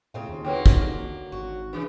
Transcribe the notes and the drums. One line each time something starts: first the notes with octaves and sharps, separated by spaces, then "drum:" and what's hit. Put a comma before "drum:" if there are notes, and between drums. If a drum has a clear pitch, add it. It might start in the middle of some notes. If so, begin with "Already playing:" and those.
A2 C#3 C4 F4
D#2
D3 F#3 A#3 B4 C#5 G5
drum: kick
G#1 F#4
C#3 E3 B3 D4 G#4